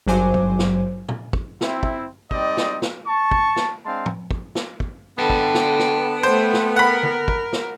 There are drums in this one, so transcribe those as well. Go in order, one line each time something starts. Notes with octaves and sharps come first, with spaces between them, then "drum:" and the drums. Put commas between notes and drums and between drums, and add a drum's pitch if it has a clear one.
G#1 G2 F#3 C5 G#5 D6
drum: kick
drum: snare
drum: tom
drum: kick
C4 E4 E5, drum: snare
drum: kick
G3 C4 D#4 D5 D#5, drum: kick
drum: snare
drum: snare
A5 C#6
drum: kick
drum: snare
G#3 C4 D4 F5 A5 C6
drum: tom
drum: kick
drum: snare
drum: kick
D3 B3 G5 A5
drum: kick
drum: snare
drum: snare
A3 B4 C5
drum: snare
A#4 F#5 B5
drum: tom
drum: kick
drum: snare